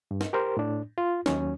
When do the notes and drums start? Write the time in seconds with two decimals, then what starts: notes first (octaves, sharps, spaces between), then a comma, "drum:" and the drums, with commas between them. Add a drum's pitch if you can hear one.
0.11 G2
0.21 drum: snare
0.33 G4 A#4 C5
0.57 A2 D4
0.98 F4
1.26 D#2 F#3 C#4, drum: snare